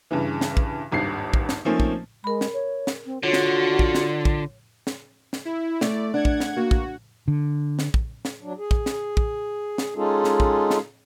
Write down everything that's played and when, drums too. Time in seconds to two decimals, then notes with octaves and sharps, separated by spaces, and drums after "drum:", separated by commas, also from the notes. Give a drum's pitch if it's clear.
0.11 G2 C#3 E3
0.41 drum: snare
0.57 drum: kick
0.92 D#1 G#1 G2 C7
1.34 drum: kick
1.49 drum: snare
1.65 D#3 F3 A3 A#3 C4 C#4
1.80 drum: kick
2.24 G#3 A#4 B5
2.41 drum: snare
2.54 C#5
2.87 drum: snare
3.06 C4
3.23 D3 F4 F#4 C#5
3.33 drum: snare
3.79 drum: kick
3.95 drum: snare
4.25 drum: kick
4.87 drum: snare
5.33 drum: snare
5.45 E4
5.81 A3 D5, drum: snare
6.14 D4 F#5 G#6
6.25 drum: kick
6.40 drum: snare
6.56 A#3 F#4
6.71 drum: kick
7.28 D3
7.79 drum: snare
7.94 drum: kick
8.25 drum: snare
8.41 F#3 D4
8.58 G#4
8.71 drum: kick
8.86 drum: snare
9.17 drum: kick
9.78 drum: snare
9.95 G#3 C#4 D#4 F4 G#4 A4
10.24 drum: snare
10.40 drum: kick
10.70 drum: snare